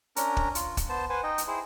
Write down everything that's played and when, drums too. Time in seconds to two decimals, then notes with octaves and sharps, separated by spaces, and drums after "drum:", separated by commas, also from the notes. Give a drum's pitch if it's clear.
0.16 C#4 D4 A#4 A#5, drum: hi-hat
0.37 drum: kick
0.55 F4, drum: hi-hat
0.77 drum: kick, hi-hat
0.89 B3 C5 A5
1.10 B4 C5 F#5 G#5
1.23 D#4 D#5 G5
1.38 drum: hi-hat
1.47 E4 G#4 C5 G5